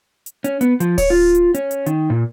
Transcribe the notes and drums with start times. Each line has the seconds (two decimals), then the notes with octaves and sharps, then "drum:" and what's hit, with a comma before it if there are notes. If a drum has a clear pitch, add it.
0.26 drum: hi-hat
0.44 C#4, drum: hi-hat
0.61 B3, drum: hi-hat
0.80 F3, drum: hi-hat
0.98 C#5, drum: kick D1, open hi-hat
1.10 F4
1.35 drum: hi-hat
1.54 C#4, drum: hi-hat
1.71 drum: hi-hat
1.86 D#3, drum: hi-hat
2.10 A#2